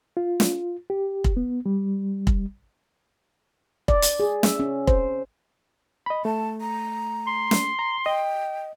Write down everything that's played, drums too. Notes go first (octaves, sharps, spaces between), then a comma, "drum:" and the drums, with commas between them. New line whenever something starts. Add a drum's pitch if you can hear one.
F4
drum: snare
G4
drum: kick
B3
G3
drum: kick
D5, drum: kick
drum: hi-hat
G#4
E5, drum: snare
C#4
C5, drum: kick
D#5 B5
A3 A5
A#5
C6
drum: snare
A#5
D#5 G5